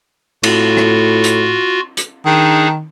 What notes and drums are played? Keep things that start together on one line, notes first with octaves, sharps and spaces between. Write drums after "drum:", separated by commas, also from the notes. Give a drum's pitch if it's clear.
A2 F4 F#4, drum: cymbal
drum: rim click
drum: hi-hat
drum: hi-hat
D#3 D4 D#4 G#4